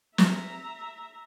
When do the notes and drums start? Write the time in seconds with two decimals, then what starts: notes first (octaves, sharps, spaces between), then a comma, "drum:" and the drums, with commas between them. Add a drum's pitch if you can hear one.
0.18 E5 A#5, drum: snare